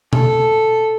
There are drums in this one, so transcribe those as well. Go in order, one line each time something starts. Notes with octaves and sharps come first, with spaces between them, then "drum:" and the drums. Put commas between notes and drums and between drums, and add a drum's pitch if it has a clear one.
A4, drum: tom B2